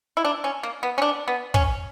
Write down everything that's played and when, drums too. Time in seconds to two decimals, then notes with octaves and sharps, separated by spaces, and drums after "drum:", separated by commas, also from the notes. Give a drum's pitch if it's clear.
0.17 E4
0.25 D4
0.44 C#4
0.63 A#3
0.83 B3
0.98 C#4
1.02 D4
1.28 B3
1.54 C#4, drum: kick